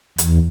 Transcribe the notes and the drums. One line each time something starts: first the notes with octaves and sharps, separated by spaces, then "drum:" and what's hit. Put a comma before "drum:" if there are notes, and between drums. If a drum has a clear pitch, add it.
E2, drum: hi-hat